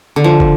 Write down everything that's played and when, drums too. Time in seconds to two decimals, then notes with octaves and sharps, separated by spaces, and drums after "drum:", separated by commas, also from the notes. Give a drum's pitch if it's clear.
0.16 D3
0.24 F3
0.40 drum: kick